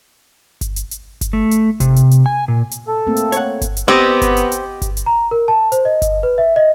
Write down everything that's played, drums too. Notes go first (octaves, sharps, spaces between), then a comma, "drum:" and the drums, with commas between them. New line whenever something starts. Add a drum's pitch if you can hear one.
drum: kick G1, hi-hat
drum: hi-hat
drum: hi-hat
drum: kick G1, hi-hat
A3
drum: hi-hat
C3, drum: kick G1, hi-hat
drum: hi-hat
drum: hi-hat
G#5
A#2
drum: hi-hat
A4
A3 A#3 C4
drum: hi-hat
C#5 F#5, drum: hi-hat
drum: kick G1, hi-hat
drum: hi-hat
B3 C4 G4 D#5
drum: kick G1, hi-hat
drum: hi-hat
drum: hi-hat
drum: kick G1, hi-hat
drum: hi-hat
A#5
A#4
A5
C5, drum: hi-hat
D#5
drum: kick G1, hi-hat
B4
E5
D#5